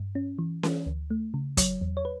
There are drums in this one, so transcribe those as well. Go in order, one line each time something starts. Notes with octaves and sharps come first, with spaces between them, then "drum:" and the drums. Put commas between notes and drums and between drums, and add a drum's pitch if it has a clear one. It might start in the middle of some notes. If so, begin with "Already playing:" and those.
Already playing: G2
C#4
E3
E3, drum: snare C#4
D2
A3
C#3
F#3 C#5, drum: kick, hi-hat
E2
C#5
B4